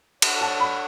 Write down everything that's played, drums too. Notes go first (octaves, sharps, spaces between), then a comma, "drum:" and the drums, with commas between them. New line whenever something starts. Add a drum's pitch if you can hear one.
D4 A4 C#5 F#5, drum: cymbal
A5
B5